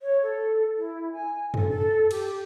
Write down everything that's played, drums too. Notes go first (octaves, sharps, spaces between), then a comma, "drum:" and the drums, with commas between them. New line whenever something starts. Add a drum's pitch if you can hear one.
C#5
A4
E4
G#5
A4, drum: tom
A4
G4, drum: cymbal